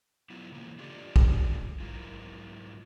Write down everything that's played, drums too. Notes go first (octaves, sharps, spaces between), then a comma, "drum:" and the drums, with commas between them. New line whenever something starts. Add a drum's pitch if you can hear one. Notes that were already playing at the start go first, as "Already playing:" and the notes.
F#3 B3 E4 F4
C#3 E3 A#3
D4 F4 G4 A4 D5 D#5
drum: kick
G#2 F#3 E4 F4 A#4